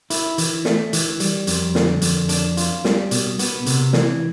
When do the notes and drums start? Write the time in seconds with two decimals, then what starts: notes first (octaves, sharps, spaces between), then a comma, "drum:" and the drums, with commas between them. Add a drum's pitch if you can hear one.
0.10 E4, drum: hi-hat
0.38 E3, drum: hi-hat
0.65 A3, drum: snare
0.93 E3, drum: hi-hat
1.20 G3, drum: hi-hat
1.47 F2, drum: hi-hat
1.75 D3, drum: snare
2.02 F2, drum: hi-hat
2.29 D4, drum: hi-hat
2.57 F4, drum: hi-hat
2.85 G3, drum: snare
3.11 B2, drum: hi-hat
3.39 B3, drum: hi-hat
3.66 C3, drum: hi-hat
3.93 E3, drum: snare